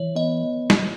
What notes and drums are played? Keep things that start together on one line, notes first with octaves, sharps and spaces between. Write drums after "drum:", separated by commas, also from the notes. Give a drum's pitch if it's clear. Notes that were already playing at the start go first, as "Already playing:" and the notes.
Already playing: E3 C#5
B3 D#5
drum: snare